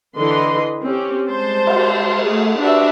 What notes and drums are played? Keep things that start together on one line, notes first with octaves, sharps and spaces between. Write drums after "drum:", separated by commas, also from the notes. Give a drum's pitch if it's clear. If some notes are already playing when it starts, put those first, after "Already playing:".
D3 E3 A4 B4 D#5 C6
C4 C#4 G4
G3 G#3 C5 A5
drum: cymbal
A3 G#4
D4 F#4 G4 B4 D5 E5